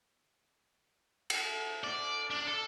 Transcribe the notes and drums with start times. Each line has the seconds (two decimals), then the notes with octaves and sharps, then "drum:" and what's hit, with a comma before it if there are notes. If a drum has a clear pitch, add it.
1.30 drum: cymbal
1.84 D5
2.30 D4
2.47 A4